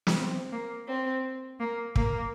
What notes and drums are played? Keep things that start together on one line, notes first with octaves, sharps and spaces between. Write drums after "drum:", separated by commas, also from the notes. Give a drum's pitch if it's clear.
drum: snare
C4
A#3
C4
A#3
A#3, drum: kick